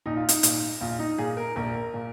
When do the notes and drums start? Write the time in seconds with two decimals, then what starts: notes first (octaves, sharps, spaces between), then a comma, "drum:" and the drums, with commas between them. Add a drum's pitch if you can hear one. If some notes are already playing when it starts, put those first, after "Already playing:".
0.06 A#1 D#4
0.17 F4
0.29 D#4, drum: hi-hat
0.43 A#2, drum: hi-hat
0.81 A#1 F4
0.99 D#4
1.18 A#2 G#4
1.37 A#4
1.56 A#1 A#4
1.94 A#2